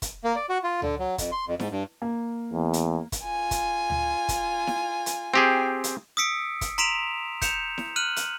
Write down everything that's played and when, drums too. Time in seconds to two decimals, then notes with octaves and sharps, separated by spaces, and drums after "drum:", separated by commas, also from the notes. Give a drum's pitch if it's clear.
0.02 drum: kick, hi-hat
0.24 A#3
0.36 D5
0.49 F#4
0.64 F4
0.82 D3, drum: tom C#2
0.99 F#3
1.18 F2, drum: kick, hi-hat
1.32 C6
1.48 F2
1.60 G#2, drum: snare E4
1.71 G2
2.02 A#3
2.53 E2
2.73 drum: hi-hat
3.12 drum: kick, hi-hat
3.24 F4 G#5
3.51 drum: kick, hi-hat
3.90 drum: tom C#2
4.29 drum: kick, hi-hat
4.67 drum: snare E4
5.06 drum: hi-hat
5.34 C4 G4 G#4
5.84 drum: hi-hat
6.17 D#6 E6 B6 C#7 D7
6.61 drum: kick, hi-hat
6.78 A#5 C6 B6 D7 E7 F7
7.42 G6 C#7 E7 F7, drum: kick, hi-hat
7.78 drum: snare E4
7.96 F6 F#6 D#7 F#7
8.16 drum: hi-hat